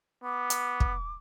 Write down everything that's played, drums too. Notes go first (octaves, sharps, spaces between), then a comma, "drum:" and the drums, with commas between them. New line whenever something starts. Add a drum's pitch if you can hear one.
B3 D6
drum: hi-hat
drum: kick